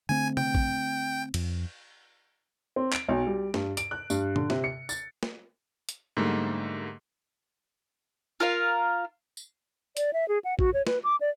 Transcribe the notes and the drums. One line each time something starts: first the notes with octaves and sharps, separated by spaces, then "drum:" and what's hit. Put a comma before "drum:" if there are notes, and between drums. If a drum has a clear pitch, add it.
D3 A3 C4 G#5
G5, drum: tom C3
drum: kick
F2, drum: cymbal
C4
D7, drum: clap
B1
G3
G2, drum: snare
D7, drum: hi-hat
F#6
G2, drum: tambourine
D3, drum: tom A#2
C3, drum: snare
C#7
A6, drum: tambourine
drum: snare
drum: hi-hat
G#2 D3 G3 A3 A#3
F4 A#4 F5
drum: tambourine
D5, drum: hi-hat
E5
G#4
F#5
F#4, drum: kick
C#5
B4, drum: snare
D6
D5